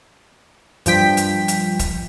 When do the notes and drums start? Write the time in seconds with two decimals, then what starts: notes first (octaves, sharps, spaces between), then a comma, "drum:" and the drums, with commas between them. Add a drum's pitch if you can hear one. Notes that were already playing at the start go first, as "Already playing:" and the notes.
0.86 G2 F3 G5 B6, drum: hi-hat
1.17 drum: hi-hat
1.48 drum: hi-hat
1.79 drum: kick, hi-hat